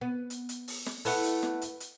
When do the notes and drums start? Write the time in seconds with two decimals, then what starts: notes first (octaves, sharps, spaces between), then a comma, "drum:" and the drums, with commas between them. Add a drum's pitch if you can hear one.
0.01 B3
0.30 drum: hi-hat
0.49 drum: hi-hat
0.68 drum: open hi-hat
0.86 drum: snare
1.05 A3 B3 E4 A4 B4 F#5, drum: open hi-hat
1.24 drum: hi-hat
1.43 drum: snare
1.62 drum: hi-hat
1.80 drum: hi-hat